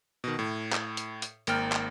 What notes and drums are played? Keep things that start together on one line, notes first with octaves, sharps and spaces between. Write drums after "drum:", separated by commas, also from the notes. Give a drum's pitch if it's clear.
B2 D#3
A2
drum: clap
drum: hi-hat
drum: hi-hat
G#1 A#3 G5 F6, drum: hi-hat
drum: clap